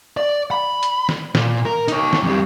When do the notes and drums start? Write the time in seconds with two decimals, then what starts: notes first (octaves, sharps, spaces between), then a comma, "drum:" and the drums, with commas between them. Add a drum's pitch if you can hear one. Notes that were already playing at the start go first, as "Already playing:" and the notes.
0.17 D5
0.51 B5
0.83 drum: hi-hat
1.09 drum: snare
1.35 A#2, drum: snare
1.65 A#4
1.88 D#4 C#5, drum: hi-hat
2.13 drum: snare
2.23 F2 G3